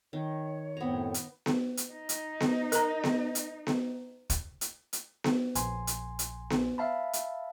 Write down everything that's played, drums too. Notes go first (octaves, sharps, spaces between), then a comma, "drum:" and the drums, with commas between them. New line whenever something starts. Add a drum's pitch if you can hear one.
D#3 C#5
F#2 A2 B3 C4 A#5
drum: hi-hat
drum: snare B3
drum: hi-hat
D#4
drum: hi-hat
drum: snare B3
A#4 A#5, drum: hi-hat
drum: snare B3
drum: hi-hat
drum: snare B3
drum: kick, hi-hat
drum: hi-hat
drum: hi-hat
drum: snare B3
A#1 G#5 C6, drum: hi-hat
drum: hi-hat
drum: hi-hat
drum: snare B3
E5 F5 A5 B5
drum: hi-hat